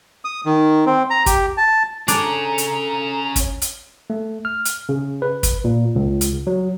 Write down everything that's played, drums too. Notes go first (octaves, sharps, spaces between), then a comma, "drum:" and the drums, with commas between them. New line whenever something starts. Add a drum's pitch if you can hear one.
D#6
D#3
C4
A#5
G4, drum: kick, hi-hat
A5
C#4 D4 G#4 A4 D5 A#5, drum: hi-hat
drum: hi-hat
drum: kick, hi-hat
drum: hi-hat
A3
F6
drum: hi-hat
C#3
B4
drum: kick, hi-hat
A#2
C#2
drum: hi-hat
F#3